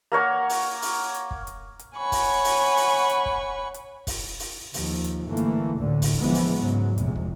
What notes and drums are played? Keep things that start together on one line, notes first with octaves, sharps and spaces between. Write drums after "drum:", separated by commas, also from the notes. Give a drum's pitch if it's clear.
A#3 A#4 C#5 F#5
drum: open hi-hat
drum: open hi-hat
drum: hi-hat
drum: kick
drum: hi-hat
drum: hi-hat
C#5 F#5 G#5 B5 C#6
drum: kick, open hi-hat
drum: open hi-hat
drum: open hi-hat
drum: hi-hat
drum: kick
drum: hi-hat
drum: kick, open hi-hat
drum: open hi-hat
D#2 F3, drum: open hi-hat
drum: hi-hat
G1 E3 A3 A#3
drum: hi-hat
A1 D2 A2 D3
drum: kick, open hi-hat
E3 F3 G#3 B3
drum: open hi-hat
G#2 C#3 F#3
F1 A#1 E2 C3 G#3, drum: hi-hat
drum: kick